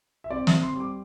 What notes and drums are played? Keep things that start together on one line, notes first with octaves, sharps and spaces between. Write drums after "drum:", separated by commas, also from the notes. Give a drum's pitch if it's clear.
E5
C4 D5
E5, drum: snare
C4
C6
G3
D6